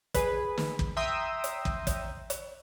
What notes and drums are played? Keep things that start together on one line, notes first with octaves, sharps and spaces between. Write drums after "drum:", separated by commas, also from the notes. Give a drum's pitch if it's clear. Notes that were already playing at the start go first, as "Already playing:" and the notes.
G#4 B4, drum: kick, hi-hat
drum: snare
drum: kick
E5 G5 A#5 C6 D#6 E6
drum: hi-hat
drum: kick
drum: kick, hi-hat
drum: hi-hat